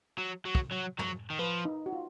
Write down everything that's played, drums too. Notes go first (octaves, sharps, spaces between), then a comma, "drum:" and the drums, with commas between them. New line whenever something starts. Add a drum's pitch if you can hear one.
F#3
F#3
drum: kick
F#3
F#3, drum: tom
D#3
F3 B4
D#4
F#4
F4